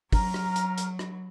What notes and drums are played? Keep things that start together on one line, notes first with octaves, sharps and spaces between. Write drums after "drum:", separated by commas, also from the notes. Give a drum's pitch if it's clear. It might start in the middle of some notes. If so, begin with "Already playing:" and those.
F#3 A#5 F6, drum: kick, open hi-hat
drum: rim click
drum: hi-hat
drum: hi-hat
drum: rim click